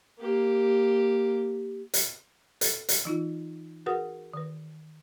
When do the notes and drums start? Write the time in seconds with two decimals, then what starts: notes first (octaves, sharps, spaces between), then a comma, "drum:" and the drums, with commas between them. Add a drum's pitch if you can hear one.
0.19 A#3 G4
1.94 drum: hi-hat
2.61 A4 A6, drum: hi-hat
2.89 drum: hi-hat
3.05 E3 D#4 F4
3.86 F#4 G#4 A#4 B4 F#5 D#6
4.34 D#3 B4